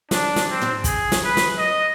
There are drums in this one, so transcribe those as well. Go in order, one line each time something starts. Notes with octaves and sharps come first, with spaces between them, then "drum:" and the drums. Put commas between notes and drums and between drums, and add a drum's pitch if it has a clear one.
D4, drum: snare
drum: snare
C4
drum: tom
G#4, drum: kick, hi-hat
drum: snare
B4
drum: snare
D#5